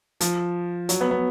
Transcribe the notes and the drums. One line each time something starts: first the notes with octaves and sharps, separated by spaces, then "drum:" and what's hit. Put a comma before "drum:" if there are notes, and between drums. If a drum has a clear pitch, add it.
F3, drum: hi-hat
F#3, drum: hi-hat
B3
B3